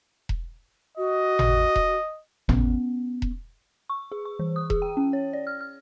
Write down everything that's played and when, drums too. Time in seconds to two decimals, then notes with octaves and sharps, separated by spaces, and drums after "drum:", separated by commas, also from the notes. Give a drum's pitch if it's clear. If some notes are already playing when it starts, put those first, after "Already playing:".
0.29 drum: kick E1
0.98 F#4 D#5
1.39 drum: tom G#1
1.76 drum: kick E1
2.49 B3 C#4, drum: tom G#1
3.22 drum: kick E1
3.90 C#6
4.12 G#4
4.25 C#6
4.39 E3
4.56 D#6
4.70 G#4, drum: kick E1
4.82 G5
4.97 C#4
5.13 C#5
5.33 D5
5.47 F6
5.61 F6